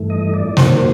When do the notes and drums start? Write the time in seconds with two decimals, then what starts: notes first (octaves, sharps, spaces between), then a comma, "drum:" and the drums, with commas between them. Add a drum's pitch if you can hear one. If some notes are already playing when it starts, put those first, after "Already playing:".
Already playing: G2 E3 A3
0.10 D#5
0.34 D5
0.57 F#2 D#3 F#3 A#3 C5, drum: snare